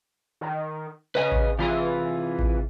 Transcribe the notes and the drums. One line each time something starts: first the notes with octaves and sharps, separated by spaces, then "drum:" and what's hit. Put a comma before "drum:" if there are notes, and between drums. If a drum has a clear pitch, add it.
D#3
C#3 B4 D#5 G#5
drum: kick A1
C3 E3 F4 G#4
drum: kick A1